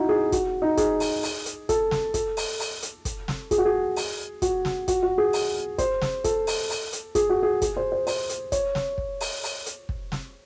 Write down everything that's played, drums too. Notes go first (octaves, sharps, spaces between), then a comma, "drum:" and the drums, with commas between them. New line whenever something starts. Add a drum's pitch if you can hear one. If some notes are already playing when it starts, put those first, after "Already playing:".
Already playing: D#4 E4 F#4
G#4
F#4, drum: kick, hi-hat
D#4
G#4, drum: kick, hi-hat
drum: open hi-hat
drum: open hi-hat
drum: hi-hat
A4, drum: kick, hi-hat
drum: snare
A4, drum: kick, hi-hat
drum: open hi-hat
drum: open hi-hat
drum: hi-hat
drum: kick, hi-hat
drum: snare
G#4, drum: kick, hi-hat
F#4
G#4
drum: open hi-hat
F#4, drum: kick, hi-hat
drum: snare
F#4, drum: kick, hi-hat
F#4
G#4
drum: open hi-hat
C5, drum: kick, hi-hat
drum: snare
A4, drum: kick, hi-hat
drum: open hi-hat
drum: open hi-hat
drum: hi-hat
G#4, drum: kick, hi-hat
F#4
G#4
G#4, drum: kick, hi-hat
C5
C5
C5, drum: open hi-hat
drum: hi-hat
C#5, drum: kick, hi-hat
drum: snare
drum: kick
drum: open hi-hat
drum: open hi-hat
drum: hi-hat
drum: kick
drum: snare